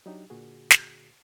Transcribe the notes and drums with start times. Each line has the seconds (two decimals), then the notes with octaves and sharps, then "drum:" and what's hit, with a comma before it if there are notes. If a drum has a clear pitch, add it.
0.06 F#3 D4 D#4 G4
0.30 A#2 D3 F#4 G#4
0.70 drum: snare